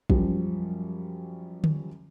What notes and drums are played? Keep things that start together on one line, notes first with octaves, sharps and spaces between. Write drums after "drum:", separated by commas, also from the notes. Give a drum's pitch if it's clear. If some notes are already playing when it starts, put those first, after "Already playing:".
F#2 F3 G3, drum: kick
drum: tom D3